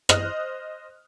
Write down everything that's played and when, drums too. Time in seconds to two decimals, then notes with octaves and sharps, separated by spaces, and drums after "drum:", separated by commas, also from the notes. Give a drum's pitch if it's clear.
0.09 C5 D#5 D#6 F6 F#6, drum: rim click